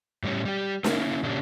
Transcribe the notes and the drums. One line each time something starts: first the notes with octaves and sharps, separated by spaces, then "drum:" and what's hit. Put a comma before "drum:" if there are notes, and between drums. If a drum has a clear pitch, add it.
A2 G3 C#4
G3 G4
A#3 C#4 E4, drum: snare
A#2 C#3 A#3 C#4 D4 G4